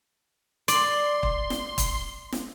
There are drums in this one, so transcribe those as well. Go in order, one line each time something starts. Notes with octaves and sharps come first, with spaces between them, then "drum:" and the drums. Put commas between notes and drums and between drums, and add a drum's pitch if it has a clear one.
D5 C6, drum: hi-hat
drum: kick
drum: snare
drum: kick, hi-hat
drum: snare